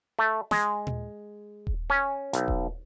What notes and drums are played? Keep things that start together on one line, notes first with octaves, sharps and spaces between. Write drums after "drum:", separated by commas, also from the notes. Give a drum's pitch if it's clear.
A3
G#3, drum: snare
drum: tom A#2
drum: kick D#1
C#4
B1, drum: hi-hat
drum: kick D#1